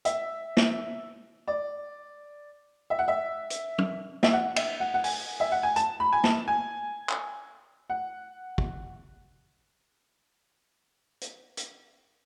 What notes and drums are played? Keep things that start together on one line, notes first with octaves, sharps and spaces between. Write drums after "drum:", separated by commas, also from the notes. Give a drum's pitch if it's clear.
E5, drum: hi-hat
drum: snare
D5
E5
F#5
E5
drum: hi-hat
drum: tom F#3
E5, drum: snare
F#5
E5, drum: cymbal
F#5
F#5
G#5, drum: open hi-hat
E5
F#5
G#5
A5, drum: hi-hat
B5
G#5
A5, drum: snare
G#5
drum: clap
F#5
drum: kick
drum: hi-hat
drum: hi-hat